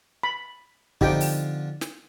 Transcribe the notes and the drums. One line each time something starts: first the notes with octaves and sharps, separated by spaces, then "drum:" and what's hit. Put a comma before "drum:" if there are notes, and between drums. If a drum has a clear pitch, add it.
B5
D3 F3 C4 D#4 G4 G5, drum: kick
drum: open hi-hat
drum: snare